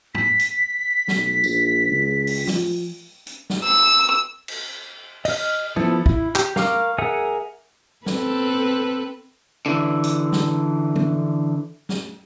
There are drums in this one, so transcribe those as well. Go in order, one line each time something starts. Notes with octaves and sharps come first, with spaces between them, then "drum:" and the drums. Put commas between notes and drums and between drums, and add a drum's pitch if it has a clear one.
B6, drum: tom
drum: hi-hat
B1, drum: snare
A#1, drum: tambourine
C#2
drum: open hi-hat
F3, drum: snare
drum: hi-hat
drum: snare
E6
drum: cymbal
D#5 F6, drum: cymbal
F3 B3 E4 A4, drum: tom
E4, drum: kick
G4, drum: clap
A#4 F5 C#6 D6 F6, drum: snare
G#4 A#4 E5 F#5 G#5
C4 A4 B4, drum: snare
D3 E3
drum: hi-hat
drum: snare
drum: tom
drum: snare